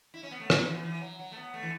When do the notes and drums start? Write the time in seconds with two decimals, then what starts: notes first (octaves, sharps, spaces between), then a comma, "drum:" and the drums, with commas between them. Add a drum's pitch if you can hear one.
0.14 E4
0.23 C#4
0.31 B3
0.40 A3
0.50 F#3, drum: rim click
0.63 C#3
0.67 E3
0.83 E3
1.01 F#3
1.19 F#3
1.32 A3
1.36 B3
1.54 A3
1.63 E3